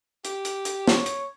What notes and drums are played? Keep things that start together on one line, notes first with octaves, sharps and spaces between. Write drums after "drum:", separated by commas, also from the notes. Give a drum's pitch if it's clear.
G4, drum: hi-hat
drum: hi-hat
drum: hi-hat
C#5, drum: snare
drum: hi-hat